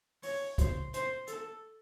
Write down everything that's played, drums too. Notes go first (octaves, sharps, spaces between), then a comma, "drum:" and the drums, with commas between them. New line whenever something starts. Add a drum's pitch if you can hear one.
C#5, drum: open hi-hat
C5, drum: kick, hi-hat
C5, drum: hi-hat
A4, drum: hi-hat